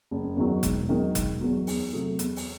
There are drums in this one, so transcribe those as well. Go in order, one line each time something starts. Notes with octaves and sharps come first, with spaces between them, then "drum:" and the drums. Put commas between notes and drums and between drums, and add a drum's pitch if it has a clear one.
F#1
E2 D#3 F#3
E1, drum: kick F1, hi-hat
E2 D#3 F#3
E1, drum: kick F1, hi-hat
E2 D#3 F#3
E2, drum: open hi-hat
C3 F#3 A3
E2, drum: hi-hat
drum: open hi-hat